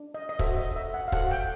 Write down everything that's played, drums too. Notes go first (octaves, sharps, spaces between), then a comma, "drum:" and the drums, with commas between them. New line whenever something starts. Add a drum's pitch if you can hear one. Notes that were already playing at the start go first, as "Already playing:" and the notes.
Already playing: D4
D#5
D#5
F#4 A4 C5 E5, drum: kick
D#5
E5
F#5
F5
F#4 A4 C5 F#5, drum: kick
G5